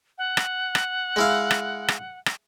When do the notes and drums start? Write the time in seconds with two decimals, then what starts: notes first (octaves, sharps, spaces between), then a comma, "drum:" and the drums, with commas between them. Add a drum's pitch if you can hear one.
0.18 F#5
0.37 drum: rim click
0.75 drum: rim click
1.16 G#3 E4 F5
1.51 drum: rim click
1.88 drum: rim click
2.26 drum: rim click